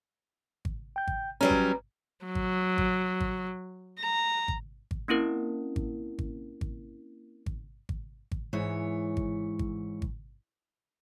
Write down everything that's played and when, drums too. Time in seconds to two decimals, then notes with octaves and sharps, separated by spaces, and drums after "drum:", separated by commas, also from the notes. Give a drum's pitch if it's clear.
0.65 drum: kick G#1
0.96 G5 G6
1.07 drum: kick G#1
1.41 F#3 G3 C#4 B4 A#5
1.50 drum: kick G#1
2.26 F#3
2.35 drum: kick G#1
2.78 drum: kick G#1
3.20 drum: kick G#1
4.00 A#5
4.48 drum: kick G#1
4.91 drum: kick G#1
5.08 A#3 C4 C#4 E4 A#4
5.76 drum: kick G#1
6.19 drum: kick G#1
6.61 drum: kick G#1
7.46 drum: kick G#1
7.89 drum: kick G#1
8.32 drum: kick G#1
8.53 G#2 E3 C#5
9.17 drum: kick G#1
9.59 drum: kick G#1
10.02 drum: kick G#1